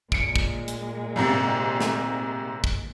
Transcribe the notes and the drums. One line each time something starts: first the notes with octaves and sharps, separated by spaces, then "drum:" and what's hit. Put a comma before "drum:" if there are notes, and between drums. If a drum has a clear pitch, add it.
A#2 G#3 C#7 D7, drum: kick
drum: kick
drum: hi-hat
G#1 G#2 C3
drum: snare
drum: kick